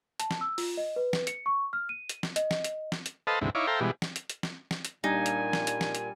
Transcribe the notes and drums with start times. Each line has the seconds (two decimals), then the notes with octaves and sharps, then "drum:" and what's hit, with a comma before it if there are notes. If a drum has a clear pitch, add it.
0.20 A5, drum: hi-hat
0.31 drum: snare
0.41 E6
0.58 F4, drum: open hi-hat
0.77 D#5
0.96 B4
1.13 drum: snare
1.27 C#7, drum: hi-hat
1.46 C#6
1.73 F6
1.89 D#7
2.09 drum: hi-hat
2.23 drum: snare
2.36 D#5, drum: hi-hat
2.51 drum: snare
2.64 drum: hi-hat
2.92 drum: snare
3.06 drum: hi-hat
3.27 A4 B4 C5 D#5 F5 A5
3.41 D2 G#2 C3 E3
3.55 D#4 E4 C#5 F5 D6
3.67 A4 C5 E5 F5 G5 A#5
3.80 B2 E3 G3 G#3
4.02 drum: snare
4.16 drum: hi-hat
4.30 drum: hi-hat
4.43 drum: snare
4.71 drum: snare
4.85 drum: hi-hat
5.04 A#2 G3 D4 D#4 G#5
5.26 drum: hi-hat
5.53 drum: snare
5.67 drum: hi-hat
5.81 drum: snare
5.95 drum: hi-hat